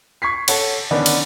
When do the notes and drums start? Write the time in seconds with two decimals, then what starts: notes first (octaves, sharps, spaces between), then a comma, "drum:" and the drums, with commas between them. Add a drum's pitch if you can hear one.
0.22 C#6 G#6 B6 C7
0.48 A4 C#5 F#5, drum: cymbal
0.91 D3 D#3 B3 C#4 D4
1.06 drum: cymbal